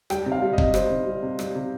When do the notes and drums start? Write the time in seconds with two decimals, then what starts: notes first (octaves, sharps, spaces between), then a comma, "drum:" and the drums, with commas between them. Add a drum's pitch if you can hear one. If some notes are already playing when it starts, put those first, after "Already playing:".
0.10 G3 G5, drum: rim click
0.26 C3
0.32 F5
0.42 G3
0.53 D#5
0.58 C3, drum: kick
0.74 G3 C5, drum: rim click
0.90 C3
1.06 G3
1.23 C3
1.39 G3, drum: rim click
1.55 C3